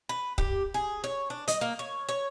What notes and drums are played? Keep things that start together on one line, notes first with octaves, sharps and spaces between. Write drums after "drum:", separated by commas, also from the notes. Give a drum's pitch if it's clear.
B4
G4, drum: kick
G#4
C#5
D4
D#5, drum: hi-hat
A#3
C#5
C#5